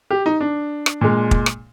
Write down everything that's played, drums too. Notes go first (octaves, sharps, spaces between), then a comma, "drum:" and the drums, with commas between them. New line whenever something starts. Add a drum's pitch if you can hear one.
G4
D#4
D4
drum: rim click
A#2 G#3
drum: kick
drum: rim click